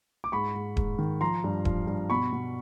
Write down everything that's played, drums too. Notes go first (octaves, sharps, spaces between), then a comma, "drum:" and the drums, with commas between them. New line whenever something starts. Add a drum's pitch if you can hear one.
D6
G#2 B5 C#6
G#2
G#2, drum: kick D#1
D#3
F3 A#5 C6
G2
F3, drum: kick D#1
G2
B2 B5 C#6
B2